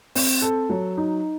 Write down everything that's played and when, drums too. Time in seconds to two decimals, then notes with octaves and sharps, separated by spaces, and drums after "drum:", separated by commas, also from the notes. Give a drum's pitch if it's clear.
0.15 C4, drum: open hi-hat
0.42 A4
0.69 F#3
0.97 D#4